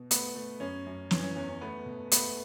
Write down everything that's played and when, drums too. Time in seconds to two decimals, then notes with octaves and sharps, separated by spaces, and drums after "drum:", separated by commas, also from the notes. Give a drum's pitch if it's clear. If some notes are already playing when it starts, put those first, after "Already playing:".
Already playing: B2
0.11 A3 B3, drum: hi-hat
0.35 A3
0.60 F#2 C#4
0.86 F#2
1.11 E3 C#4, drum: snare
1.23 C#4
1.36 E2 C#4
1.48 C#4
1.61 A3 B3
1.86 B2
2.12 A3 B3, drum: hi-hat